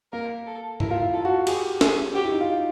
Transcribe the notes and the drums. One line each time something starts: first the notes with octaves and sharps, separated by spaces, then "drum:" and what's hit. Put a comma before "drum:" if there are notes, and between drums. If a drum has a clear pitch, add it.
A#3 A#4
A4
E4 A#4, drum: tom G#2
F4
E4
F4 A4
F#4
G4 G#4, drum: cymbal
G#4, drum: snare
F#4 G4
E4
D#4
F4